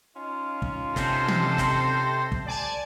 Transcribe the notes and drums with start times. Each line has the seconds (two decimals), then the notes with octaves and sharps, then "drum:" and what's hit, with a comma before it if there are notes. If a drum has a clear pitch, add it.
0.17 C#4 D#4 F4
0.62 drum: kick
0.96 C3 A4 C5 C6 A#6, drum: snare
1.28 drum: tom
1.58 drum: snare
2.32 drum: kick
2.46 D5 G#5 A5